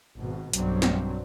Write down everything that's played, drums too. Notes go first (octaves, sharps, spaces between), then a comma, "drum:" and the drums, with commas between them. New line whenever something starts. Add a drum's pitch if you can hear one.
G#1 B2
B1 G2 F#3 G3 C4, drum: hi-hat
drum: snare